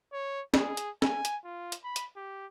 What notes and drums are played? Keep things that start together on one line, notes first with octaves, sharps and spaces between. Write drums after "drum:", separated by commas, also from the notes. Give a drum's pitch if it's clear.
C#5
G#4, drum: snare
drum: hi-hat
G#5, drum: snare
drum: hi-hat
F4
drum: hi-hat
B5
drum: hi-hat
G4